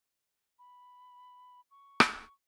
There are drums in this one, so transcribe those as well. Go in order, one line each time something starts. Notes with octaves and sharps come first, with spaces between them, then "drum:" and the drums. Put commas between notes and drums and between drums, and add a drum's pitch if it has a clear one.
B5
C#6
drum: rim click